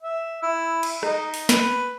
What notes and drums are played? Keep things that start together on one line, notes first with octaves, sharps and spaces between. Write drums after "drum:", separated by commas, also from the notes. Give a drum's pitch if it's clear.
E5
E4
drum: cymbal
D#4, drum: rim click
drum: open hi-hat
B4, drum: snare